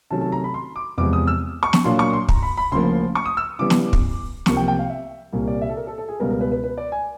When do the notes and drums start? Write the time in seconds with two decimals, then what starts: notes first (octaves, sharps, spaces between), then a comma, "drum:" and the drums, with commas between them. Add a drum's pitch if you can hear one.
0.11 C3 D#3 F#3 A3 C#4 A5
0.21 A5
0.32 A#5
0.44 B5
0.54 C6
0.76 D6
0.98 E2 C3 F3 G#3 D6
1.13 D#6
1.27 E6
1.63 C#6
1.73 drum: snare
1.84 A#2 F#3 A#3 D4 F4 C6
1.99 C#6
2.13 C6
2.29 A#5, drum: kick
2.43 B5
2.57 B5
2.72 D2 C#3 F3 A#3 C6
3.15 C#6
3.26 D#6
3.37 E6
3.59 C#3 E3 G3 B3 D6
3.70 drum: snare
3.93 drum: kick
4.46 C2 C3 F3 A#3 C#6, drum: snare
4.56 G5
4.68 G5
4.79 F5
4.90 E5
5.32 C2 A#2 G3 A#3
5.48 D5
5.62 E5
5.69 A4
5.77 A#4
5.87 A4
5.98 A4
6.08 G#4
6.20 C#2 B2 G3 B3 A#4
6.30 A#4
6.41 B4
6.52 B4
6.64 B4
6.78 D5
6.92 G#5